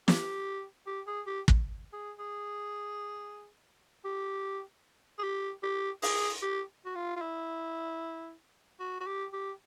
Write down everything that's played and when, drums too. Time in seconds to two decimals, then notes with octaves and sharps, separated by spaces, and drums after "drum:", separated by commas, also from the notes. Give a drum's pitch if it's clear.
0.08 G4, drum: snare
0.87 G4
1.07 G#4
1.27 G4
1.48 drum: kick
1.93 G#4
2.19 G#4
4.05 G4
5.18 G#4
5.23 G4
5.63 G4
6.02 G#4, drum: open hi-hat
6.42 G4
6.86 F#4
6.95 F4
7.16 F4
7.22 E4
8.80 F#4
9.00 F#4
9.07 G4
9.33 G4